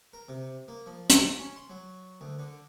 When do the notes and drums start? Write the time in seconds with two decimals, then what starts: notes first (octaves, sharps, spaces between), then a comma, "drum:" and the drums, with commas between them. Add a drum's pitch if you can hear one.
0.13 A#4
0.29 C3
0.68 A#3
0.86 F3
1.10 A5, drum: hi-hat
1.38 C#4
1.56 C6
1.70 F#3
2.21 D2
2.39 D3